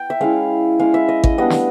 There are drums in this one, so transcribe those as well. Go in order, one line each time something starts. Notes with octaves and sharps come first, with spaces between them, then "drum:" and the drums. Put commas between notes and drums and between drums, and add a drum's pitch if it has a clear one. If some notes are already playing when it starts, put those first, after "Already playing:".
Already playing: G5
E5
G#3 C#4 E4 F5
G#3 C#4 E4 F5
E5
D#5
D#5, drum: kick G#1
G3 B3 D4 D#5
drum: snare